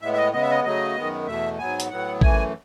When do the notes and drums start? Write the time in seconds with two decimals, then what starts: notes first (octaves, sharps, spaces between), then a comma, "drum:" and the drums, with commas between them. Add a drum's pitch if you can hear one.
0.02 A2 G#3 B3 E5
0.13 E5
0.17 D#5
0.33 C#3 G#3 B3 D#5
0.42 E5
0.51 D#5
0.64 C#3 F#3 A3 D#5
0.95 F#2 D#3 G#3 B3
1.27 E2 B2 A3 E5
1.59 G#2 F#3 B3 G#5
1.80 drum: hi-hat
1.90 A2 F#3 B3 F#5
2.21 F#2 E3 A3 G#5, drum: kick